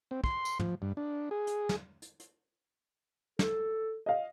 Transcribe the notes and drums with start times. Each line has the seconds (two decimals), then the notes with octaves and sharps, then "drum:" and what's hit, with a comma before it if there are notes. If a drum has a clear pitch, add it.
0.11 C4
0.24 C6, drum: kick
0.45 drum: tambourine
0.59 F3, drum: tom
0.82 G2
0.97 D4
1.31 G#4
1.47 drum: hi-hat
1.69 drum: snare
2.02 drum: hi-hat
2.20 drum: hi-hat
3.39 A4, drum: snare
4.06 D#5 F5